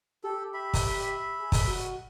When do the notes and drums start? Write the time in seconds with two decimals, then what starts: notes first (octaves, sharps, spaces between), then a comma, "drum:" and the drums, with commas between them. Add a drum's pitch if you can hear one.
0.24 G4 A4
0.54 E5 B5
0.74 drum: kick, open hi-hat
1.40 G#4
1.52 drum: kick, open hi-hat
1.67 F#4